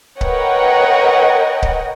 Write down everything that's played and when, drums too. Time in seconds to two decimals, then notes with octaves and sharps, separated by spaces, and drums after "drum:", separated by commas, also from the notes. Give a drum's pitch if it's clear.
0.21 A#4 B4 C#5 D#5 F#5 G5, drum: kick C#1
1.62 drum: kick C#1